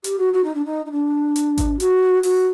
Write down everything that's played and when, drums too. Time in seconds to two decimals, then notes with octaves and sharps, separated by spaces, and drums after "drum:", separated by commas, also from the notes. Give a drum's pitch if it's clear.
0.04 G4, drum: hi-hat
0.19 F#4
0.33 F#4
0.44 D#4
0.55 D4
0.65 D#4
0.86 D#4
0.91 D4
1.36 drum: hi-hat
1.58 drum: kick G#1, hi-hat
1.80 F#4, drum: hi-hat
2.23 F#4, drum: open hi-hat